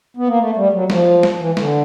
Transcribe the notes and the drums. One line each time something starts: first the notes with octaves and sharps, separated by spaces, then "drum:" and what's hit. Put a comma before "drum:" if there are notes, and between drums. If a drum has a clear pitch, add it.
B3
A#3
A3
G3
F#3
F3, drum: snare
drum: snare
E3
D3, drum: snare